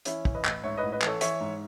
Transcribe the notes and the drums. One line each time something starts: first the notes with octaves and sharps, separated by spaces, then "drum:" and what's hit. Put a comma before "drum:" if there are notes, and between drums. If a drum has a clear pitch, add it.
E3 C#4 E4, drum: hi-hat
E3, drum: kick
B4 D#5
A1, drum: clap
G#2 C#5 E5
A1 B4 D#5
B4 D#5
E3 A4 C#5, drum: clap
E3 C#5 E5, drum: hi-hat
G#2